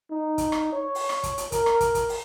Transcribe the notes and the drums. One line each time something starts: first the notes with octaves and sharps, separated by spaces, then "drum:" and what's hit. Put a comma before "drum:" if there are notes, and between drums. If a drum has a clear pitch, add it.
D#4
drum: kick, hi-hat
drum: rim click
C#5
drum: open hi-hat
drum: rim click
drum: kick, hi-hat
drum: hi-hat
A#4, drum: kick, hi-hat
drum: rim click
drum: kick, hi-hat
drum: kick, hi-hat
drum: open hi-hat